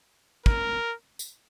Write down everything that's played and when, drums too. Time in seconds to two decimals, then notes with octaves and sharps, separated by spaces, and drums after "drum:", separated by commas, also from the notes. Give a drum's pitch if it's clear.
0.46 A#4, drum: kick
1.19 drum: tambourine